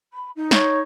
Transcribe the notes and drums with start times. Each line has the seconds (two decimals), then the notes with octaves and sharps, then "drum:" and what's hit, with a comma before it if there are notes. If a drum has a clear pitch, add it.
0.13 B5
0.35 D#4
0.51 C#5, drum: snare